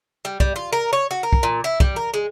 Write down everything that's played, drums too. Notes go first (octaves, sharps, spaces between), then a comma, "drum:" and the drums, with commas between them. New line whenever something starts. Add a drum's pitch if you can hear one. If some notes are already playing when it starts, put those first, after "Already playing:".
G3
G3, drum: kick
F4
A#4
C#5
F#4
A#4
drum: kick
A#2
E4
G3, drum: kick
A#4
G#3